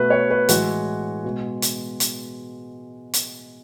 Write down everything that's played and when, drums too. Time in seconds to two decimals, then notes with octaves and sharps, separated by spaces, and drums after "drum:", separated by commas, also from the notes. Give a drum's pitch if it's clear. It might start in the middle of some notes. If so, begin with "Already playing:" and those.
Already playing: B2 A3 B4
0.10 C#5
0.30 B4
0.49 A2 E3 G#3 F#4, drum: hi-hat
1.25 B2 G#3
1.62 drum: hi-hat
2.00 drum: hi-hat
3.14 drum: hi-hat